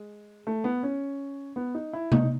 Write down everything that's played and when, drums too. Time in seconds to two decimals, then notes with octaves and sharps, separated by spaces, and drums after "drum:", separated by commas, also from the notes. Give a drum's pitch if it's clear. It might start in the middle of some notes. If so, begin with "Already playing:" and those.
Already playing: G#3
0.47 A3
0.64 B3
0.83 C#4
1.56 B3
1.75 D#4
1.93 E4
2.12 D#4, drum: tom C3